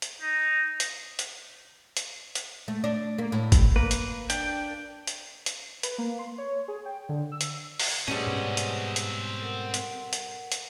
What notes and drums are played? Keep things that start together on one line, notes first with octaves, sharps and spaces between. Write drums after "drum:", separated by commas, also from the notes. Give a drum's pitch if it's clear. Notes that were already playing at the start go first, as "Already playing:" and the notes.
drum: hi-hat
D#4
drum: hi-hat
drum: hi-hat
drum: hi-hat
drum: hi-hat
A3
D4
A#3
A2
drum: kick, hi-hat
A#3 B4
drum: hi-hat
D4 G5, drum: hi-hat
drum: hi-hat
drum: hi-hat
B4, drum: hi-hat
A#3
C6
C#5
G#4
G5
D3
E6
drum: hi-hat
drum: open hi-hat
A2 G3 C4 C#4 G#4 B4 D#5 F#5
G#2 B2
drum: hi-hat
drum: hi-hat
A4 A#4 F#5
drum: hi-hat
drum: hi-hat
drum: hi-hat